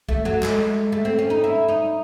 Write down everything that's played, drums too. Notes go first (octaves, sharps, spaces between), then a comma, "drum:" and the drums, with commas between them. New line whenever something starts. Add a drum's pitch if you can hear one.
A3, drum: kick
F#3, drum: tom
G#3, drum: clap
A3
C4
C#4
D#4
E4
D#4